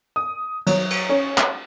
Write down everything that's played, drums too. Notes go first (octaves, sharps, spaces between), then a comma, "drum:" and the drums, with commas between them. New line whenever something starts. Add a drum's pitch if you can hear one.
D#6
F#3, drum: cymbal
drum: cymbal
C#4
drum: clap